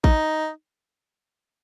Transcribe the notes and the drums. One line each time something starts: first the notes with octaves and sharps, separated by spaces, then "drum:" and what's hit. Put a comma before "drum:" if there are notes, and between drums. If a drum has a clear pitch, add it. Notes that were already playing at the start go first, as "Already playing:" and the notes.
D#4, drum: kick A1